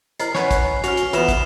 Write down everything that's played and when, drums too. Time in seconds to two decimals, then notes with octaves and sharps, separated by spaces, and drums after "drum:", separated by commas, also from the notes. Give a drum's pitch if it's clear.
0.20 E4 A#4 C5 D#5 C7, drum: hi-hat
0.35 C#4 B4 C#5 F#5, drum: snare
0.51 drum: kick, hi-hat
0.84 C#4 F#4 F6 F7, drum: hi-hat
0.97 drum: hi-hat
1.13 E3 B3 F4 B4 C5 E7 F7, drum: hi-hat
1.28 drum: kick, hi-hat